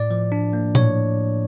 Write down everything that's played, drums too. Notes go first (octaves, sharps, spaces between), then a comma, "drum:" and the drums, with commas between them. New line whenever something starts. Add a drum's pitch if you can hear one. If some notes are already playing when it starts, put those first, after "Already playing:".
Already playing: A2 D5
F3
D4
A#3
A2 C#5, drum: tom A#2